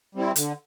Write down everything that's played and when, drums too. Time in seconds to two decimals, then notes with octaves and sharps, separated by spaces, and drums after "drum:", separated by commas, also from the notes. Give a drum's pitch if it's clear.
0.15 G3 C4 E4
0.36 D3, drum: hi-hat